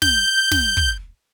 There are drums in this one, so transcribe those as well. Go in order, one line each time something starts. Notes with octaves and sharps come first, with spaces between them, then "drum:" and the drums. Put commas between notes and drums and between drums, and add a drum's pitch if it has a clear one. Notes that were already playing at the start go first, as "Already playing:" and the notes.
G6, drum: snare
drum: snare
drum: kick